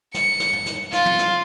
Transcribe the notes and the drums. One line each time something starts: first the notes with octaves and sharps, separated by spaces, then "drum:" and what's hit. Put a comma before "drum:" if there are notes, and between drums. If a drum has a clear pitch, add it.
C#7, drum: snare
drum: snare
drum: tom
drum: snare
F4, drum: snare
drum: tom
drum: snare